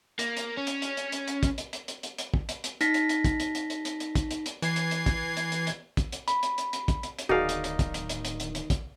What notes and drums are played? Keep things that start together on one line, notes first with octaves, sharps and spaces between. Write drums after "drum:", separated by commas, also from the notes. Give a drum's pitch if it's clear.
A#3, drum: hi-hat
drum: hi-hat
C#4
drum: hi-hat
drum: hi-hat
drum: hi-hat
drum: hi-hat
drum: hi-hat
drum: kick, hi-hat
drum: hi-hat
drum: hi-hat
drum: hi-hat
drum: hi-hat
drum: hi-hat
drum: kick
drum: hi-hat
drum: hi-hat
D#4 A#6 B6, drum: hi-hat
drum: hi-hat
drum: hi-hat
drum: kick, hi-hat
drum: hi-hat
drum: hi-hat
drum: hi-hat
drum: hi-hat
drum: hi-hat
drum: kick, hi-hat
drum: hi-hat
drum: hi-hat
E3 G#6 C7, drum: hi-hat
drum: hi-hat
drum: hi-hat
drum: kick, hi-hat
drum: hi-hat
drum: hi-hat
drum: hi-hat
drum: kick, hi-hat
drum: hi-hat
B5, drum: hi-hat
drum: hi-hat
drum: hi-hat
drum: hi-hat
drum: kick, hi-hat
drum: hi-hat
drum: hi-hat
D1 D#3 D#4 F#4 G#4 D5 F5
drum: hi-hat
drum: hi-hat
drum: kick, hi-hat
drum: hi-hat
drum: hi-hat
drum: hi-hat
drum: hi-hat
drum: hi-hat
drum: kick, hi-hat